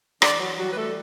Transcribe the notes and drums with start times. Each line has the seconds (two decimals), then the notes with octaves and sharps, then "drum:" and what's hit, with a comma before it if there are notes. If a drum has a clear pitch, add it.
0.22 E3 D4 D5, drum: rim click
0.40 F#3 F#4
0.58 F#3 G3 F#4
0.72 B4
0.77 A3 A4